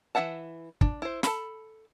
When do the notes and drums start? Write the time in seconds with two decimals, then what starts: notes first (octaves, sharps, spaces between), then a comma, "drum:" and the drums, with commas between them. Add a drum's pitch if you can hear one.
0.15 E3 F4 E5 F#5 A5
0.81 D4, drum: kick
1.02 E4 C5
1.23 A4 A5 B5, drum: snare